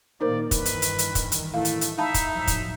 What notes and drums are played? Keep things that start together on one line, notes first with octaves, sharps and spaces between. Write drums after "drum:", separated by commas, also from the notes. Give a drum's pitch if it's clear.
A#2 D#3 A#3 D#4 A#4 C5 D5
G2 D#3 E3 B4, drum: kick, hi-hat
drum: hi-hat
drum: hi-hat
drum: hi-hat
drum: kick, hi-hat
drum: hi-hat
A2 A3 F5
drum: hi-hat
drum: hi-hat
D#4 E5 F5 A5 B5
drum: kick, hi-hat
A2 F3 F#3 E5
drum: kick, hi-hat